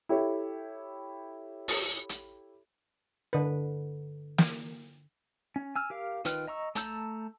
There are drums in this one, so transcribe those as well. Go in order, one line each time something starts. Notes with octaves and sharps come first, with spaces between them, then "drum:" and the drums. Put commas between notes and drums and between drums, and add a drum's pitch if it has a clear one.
E4 G4 A4 C#5
drum: open hi-hat
drum: hi-hat
D3 B4
drum: snare
C#4
G#5 E6 F6
G4 A#4 F5
D#3 F4 B4 G5 F6, drum: hi-hat
D#5 A#5 C#6 E6
A3 A5 A#5 E6 G6, drum: hi-hat